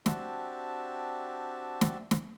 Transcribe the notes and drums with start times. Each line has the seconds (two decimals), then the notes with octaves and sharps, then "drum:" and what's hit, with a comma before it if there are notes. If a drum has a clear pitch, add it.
0.06 C4 D4 F#4 G4 E5 A5, drum: snare
1.81 drum: snare
2.11 drum: snare